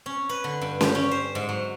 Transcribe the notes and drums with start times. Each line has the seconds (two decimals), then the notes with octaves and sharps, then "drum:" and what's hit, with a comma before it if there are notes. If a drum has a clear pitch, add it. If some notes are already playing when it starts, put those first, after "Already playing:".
0.06 C#4
0.29 B4
0.44 D3
0.61 G2
0.81 G4, drum: snare C#4
0.95 C#4
1.11 C5
1.35 G#2
1.49 F#3